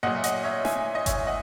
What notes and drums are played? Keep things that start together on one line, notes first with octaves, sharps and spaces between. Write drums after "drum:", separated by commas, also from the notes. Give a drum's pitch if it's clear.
A#2 F#3 D#5 F#5
E5
D#5 F#5, drum: hi-hat
C#5 E5
E5 G#5, drum: snare
D#5
C#5 E5, drum: kick G1, hi-hat
D#5 F#5